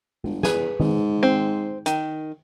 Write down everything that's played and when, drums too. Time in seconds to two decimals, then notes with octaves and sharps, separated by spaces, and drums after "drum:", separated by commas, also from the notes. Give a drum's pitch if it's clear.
0.24 G1, drum: tom G#3
0.43 E2 G#4 B4, drum: snare
0.80 G#2, drum: tom D#3
1.23 C4
1.86 D#3, drum: hi-hat